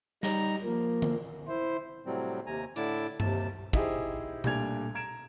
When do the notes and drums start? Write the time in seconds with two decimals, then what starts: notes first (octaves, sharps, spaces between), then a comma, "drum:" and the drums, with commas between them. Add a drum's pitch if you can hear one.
0.23 G3 D#4 A#5, drum: snare
0.63 F3 A#3
1.02 drum: tom D3
1.48 E4 C5
2.06 A2 C3 F#3 G3 C4
2.46 D#2 C3 G#5 A#5
2.76 A2 D3 D4 E4 A5 D6, drum: hi-hat
3.20 D#2 C3 A5, drum: tom G2
3.73 D#4 E4 G4 G#4 C5, drum: kick
4.44 A#2 G3 A3 D4 G#6 F7, drum: tom B2
4.95 A#5 G#6 D7 E7